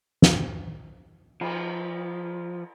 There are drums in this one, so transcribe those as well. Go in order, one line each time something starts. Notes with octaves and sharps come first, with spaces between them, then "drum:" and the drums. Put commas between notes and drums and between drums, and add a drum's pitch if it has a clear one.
drum: snare
F3, drum: cymbal